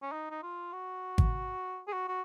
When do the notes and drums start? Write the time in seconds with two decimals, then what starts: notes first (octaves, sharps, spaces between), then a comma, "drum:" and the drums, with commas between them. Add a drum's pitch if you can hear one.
0.02 C#4
0.12 D#4
0.31 D#4
0.43 F4
0.73 F#4
1.18 drum: kick G#1
1.88 G#4
1.93 F#4
2.08 F#4